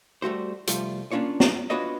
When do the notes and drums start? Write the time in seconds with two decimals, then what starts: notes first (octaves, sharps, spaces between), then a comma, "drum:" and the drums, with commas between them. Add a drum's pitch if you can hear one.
0.22 G3 A3 F#4 C5
0.67 C2 F2 G3 A3 F4 C5, drum: hi-hat
1.11 A#3 C#4 D4 F4 C#5
1.40 drum: snare
1.70 D4 F4 F#4 B4 C#5 D#5